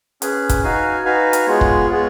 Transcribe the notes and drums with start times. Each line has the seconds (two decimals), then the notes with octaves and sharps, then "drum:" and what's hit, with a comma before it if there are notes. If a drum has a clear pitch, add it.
0.22 C#4 G#4 B4, drum: hi-hat
0.49 drum: kick, hi-hat
0.63 D#4 F#4 B4 F5 G#5
1.05 D#4 F#4 B4 F5 G#5
1.33 drum: hi-hat
1.47 G#3 B3 F4 G#4 C#5
1.61 drum: kick
1.89 G#3 B3 F4 G#4 C#5